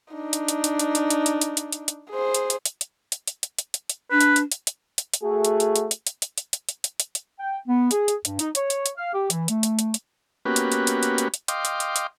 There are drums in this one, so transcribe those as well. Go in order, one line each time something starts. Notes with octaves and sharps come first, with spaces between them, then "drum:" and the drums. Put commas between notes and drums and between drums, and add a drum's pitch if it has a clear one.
D4 D#4
drum: hi-hat
drum: hi-hat
drum: hi-hat
drum: hi-hat
drum: hi-hat
drum: hi-hat
drum: hi-hat
drum: hi-hat
drum: hi-hat
drum: hi-hat
drum: hi-hat
G#4 C5
drum: hi-hat
drum: hi-hat
drum: hi-hat
drum: hi-hat
drum: hi-hat
drum: hi-hat
drum: hi-hat
drum: hi-hat
drum: hi-hat
drum: hi-hat
D4 B4
drum: hi-hat
drum: hi-hat
drum: hi-hat
drum: hi-hat
drum: hi-hat
drum: hi-hat
A3 F#4 G#4
drum: hi-hat
drum: hi-hat
drum: hi-hat
drum: hi-hat
drum: hi-hat
drum: hi-hat
drum: hi-hat
drum: hi-hat
drum: hi-hat
drum: hi-hat
drum: hi-hat
drum: hi-hat
G5
B3
G#4, drum: hi-hat
drum: hi-hat
G2, drum: hi-hat
D#4, drum: hi-hat
C#5, drum: hi-hat
drum: hi-hat
drum: hi-hat
F5
G4
E3, drum: hi-hat
A3, drum: hi-hat
drum: hi-hat
drum: hi-hat
drum: hi-hat
A#3 B3 C#4 F#4 G4 B4
drum: hi-hat
drum: hi-hat
drum: hi-hat
drum: hi-hat
drum: hi-hat
drum: hi-hat
D#5 F5 G5 C6 D6, drum: hi-hat
drum: hi-hat
drum: hi-hat
drum: hi-hat